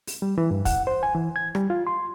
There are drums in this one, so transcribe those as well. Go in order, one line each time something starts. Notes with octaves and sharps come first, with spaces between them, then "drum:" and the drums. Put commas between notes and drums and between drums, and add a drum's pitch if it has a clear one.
drum: open hi-hat
G3
E3
G2
F#5, drum: kick, open hi-hat
C5
G#5
E3
G#6
G3, drum: rim click
F4
C6